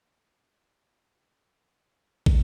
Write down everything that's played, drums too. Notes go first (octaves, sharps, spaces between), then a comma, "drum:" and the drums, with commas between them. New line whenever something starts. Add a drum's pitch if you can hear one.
E3 A3 D4 E4
B4 D5 G#5 A#5 B5
C#3 D#4 G#4
C#3 G#5 D6 B6
G2 F#3 G#3 C4
B4 E5 A5
drum: kick